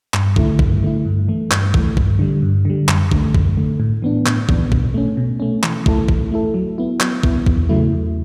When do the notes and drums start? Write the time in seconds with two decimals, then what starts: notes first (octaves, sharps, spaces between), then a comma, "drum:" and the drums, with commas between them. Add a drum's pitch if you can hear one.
0.14 G2, drum: clap
0.36 D3 A3 E4, drum: kick
0.59 G2, drum: kick
0.83 D3 A3 E4
1.06 G2
1.28 E3 A3
1.51 G2, drum: clap
1.74 E3 A3, drum: kick
1.97 G2, drum: kick
2.19 D3 G3
2.42 G2
2.65 D3 G3
2.88 F#2, drum: clap
3.12 D3 A3, drum: kick
3.35 F#2, drum: kick
3.57 D3 A3
3.80 A2
4.02 E3 B3 D4
4.26 A2, drum: clap
4.49 E3 B3 D4, drum: kick
4.72 B2, drum: kick
4.94 A3 C#4
5.17 B2
5.40 A3 C#4
5.63 E3, drum: clap
5.86 A3 E4 A4, drum: kick
6.08 E3, drum: kick
6.31 A3 E4 A4
6.54 F#3
6.78 B3 E4
7.00 F#3, drum: clap
7.23 B3 E4, drum: kick
7.46 E2, drum: kick
7.69 C#3 F#3 A3 E4
7.92 E2